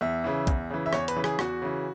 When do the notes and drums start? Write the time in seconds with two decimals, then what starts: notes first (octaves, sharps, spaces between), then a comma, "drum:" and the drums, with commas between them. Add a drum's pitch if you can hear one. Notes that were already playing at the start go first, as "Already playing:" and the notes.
0.01 E2 E5
0.24 C#3 E3
0.47 E2, drum: kick, hi-hat
0.70 C#3 E3
0.86 E5
0.93 E2 C#5, drum: rim click
1.08 B4, drum: hi-hat
1.16 C#3 E3
1.24 G#4, drum: rim click
1.39 E2 F#4, drum: rim click
1.62 C#3 E3